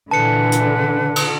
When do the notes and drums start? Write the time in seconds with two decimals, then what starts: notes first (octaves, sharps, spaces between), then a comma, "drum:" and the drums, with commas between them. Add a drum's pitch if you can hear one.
0.11 A#2 D3 E3 B4 A5 C#7
0.52 drum: hi-hat
1.16 drum: cymbal